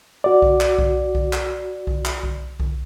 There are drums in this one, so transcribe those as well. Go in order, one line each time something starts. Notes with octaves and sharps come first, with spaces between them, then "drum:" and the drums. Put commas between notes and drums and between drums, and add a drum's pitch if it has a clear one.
F#4 D5
drum: kick B1
drum: clap
drum: kick B1
drum: kick B1
drum: clap
drum: kick B1
drum: clap
drum: kick B1
drum: kick B1